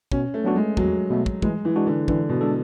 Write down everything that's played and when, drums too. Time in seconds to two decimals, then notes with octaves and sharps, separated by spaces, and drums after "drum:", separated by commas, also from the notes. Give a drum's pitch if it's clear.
0.12 B2 C#4, drum: kick
0.34 A3
0.44 F#3 A3 B3 D4 F#4
0.56 G#3
0.77 E2 F#3, drum: kick
1.10 B2 A3
1.26 drum: kick
1.42 E3 G#3, drum: kick
1.65 E3
1.76 G#3 D4 F#4
1.86 D3
2.08 D3 E3, drum: kick
2.29 B2
2.41 G#3 D4 A4